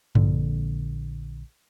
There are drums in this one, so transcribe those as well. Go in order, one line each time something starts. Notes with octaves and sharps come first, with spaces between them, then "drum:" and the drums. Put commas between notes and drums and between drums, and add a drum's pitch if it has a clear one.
A#1 D3, drum: tom G2